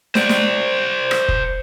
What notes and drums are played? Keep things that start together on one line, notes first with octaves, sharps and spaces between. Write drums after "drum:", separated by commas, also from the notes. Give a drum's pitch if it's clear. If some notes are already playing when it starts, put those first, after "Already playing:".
C5 D5, drum: snare
drum: snare
drum: rim click
drum: kick F1